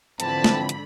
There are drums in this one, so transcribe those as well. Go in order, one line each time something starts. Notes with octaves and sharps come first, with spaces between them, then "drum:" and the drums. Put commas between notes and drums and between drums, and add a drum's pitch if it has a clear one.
G#2 D3 E3 F3 C4 A5 B5, drum: hi-hat
drum: snare
drum: hi-hat